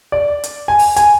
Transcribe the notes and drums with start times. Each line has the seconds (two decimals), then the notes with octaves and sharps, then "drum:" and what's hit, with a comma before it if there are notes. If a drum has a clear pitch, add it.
0.12 D5
0.44 drum: hi-hat
0.68 G#5
0.79 drum: open hi-hat
0.96 G#5, drum: hi-hat